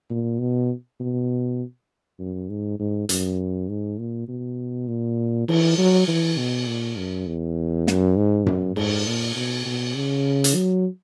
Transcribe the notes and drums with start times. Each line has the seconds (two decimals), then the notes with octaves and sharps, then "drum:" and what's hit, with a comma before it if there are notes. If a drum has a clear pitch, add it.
0.10 A#2
0.40 B2
1.00 B2
2.19 F#2
2.49 G#2
2.79 G#2
3.09 F#2, drum: hi-hat
3.69 G#2
3.99 A#2
4.28 B2
4.88 A#2
5.48 E3, drum: cymbal
5.78 F#3
6.07 E3
6.38 B2
6.67 A#2
6.97 F#2
7.27 E2
7.87 F#2, drum: snare
8.17 G#2
8.46 F#2, drum: tom F#2
8.76 G#2, drum: cymbal
9.07 A#2
9.36 B2
9.66 B2
9.96 C#3
10.44 drum: hi-hat
10.55 F#3